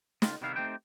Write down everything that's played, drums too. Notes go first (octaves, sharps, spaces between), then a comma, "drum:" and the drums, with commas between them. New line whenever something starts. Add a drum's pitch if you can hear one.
C#3 F4, drum: snare
C3 D#3 G3 B3 E4 F5
A3 C4 D#4 G4 C5 G5